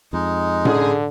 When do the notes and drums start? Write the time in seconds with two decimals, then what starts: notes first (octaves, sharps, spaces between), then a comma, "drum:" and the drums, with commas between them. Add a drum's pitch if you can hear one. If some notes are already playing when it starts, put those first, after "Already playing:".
0.13 F2 G#3 D#4
0.65 D3 C#4 G#4, drum: tom A2